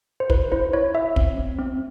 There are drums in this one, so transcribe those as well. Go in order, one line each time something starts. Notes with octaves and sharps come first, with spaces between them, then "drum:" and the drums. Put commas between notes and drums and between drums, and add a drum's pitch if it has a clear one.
C5
E4 B4, drum: kick
E4 C5
E4 C#5
E4 E5
C4, drum: kick
C4
C4